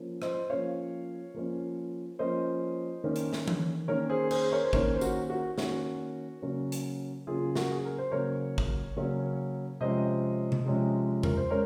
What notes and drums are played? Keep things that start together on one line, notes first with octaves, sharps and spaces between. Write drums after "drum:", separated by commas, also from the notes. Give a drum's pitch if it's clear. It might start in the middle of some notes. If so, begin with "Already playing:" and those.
Already playing: F3 A#3 C#4
C5 D#5, drum: rim click
F3 A#3 C#4 C#5 F5
F3 A#3 C#4
F3 A#3 C#4 C5 D#5
D#3 A#3 C#4
drum: hi-hat
drum: snare
drum: tom E3
D#3 A#3 C#4 A#4 C#5
G#4 C5
G#4 C5, drum: cymbal
A#4 C#5
C5
D#3 A#3 C#4 A#4 C#5, drum: kick G1
C5
F#4 A#4, drum: tambourine
F#4
D#3 A#3 C#4 F#4, drum: snare
C#3 F#3 A#3 C#4
drum: hi-hat
C#3 F#3 A#3 C#4 F4 G#4
F#4 A#4, drum: snare
G#4
A#4
C5
C#3 F#3 A#3 C#4 A#4 C#5
drum: kick G1
C#3 F#3 A#3 C#4
C3 F3 G#3 C#4 C5 D#5
drum: tom C3
C3 F3 G#3 C#4
A#4, drum: tom E2
C5
G#3 C#4 A#4 C#5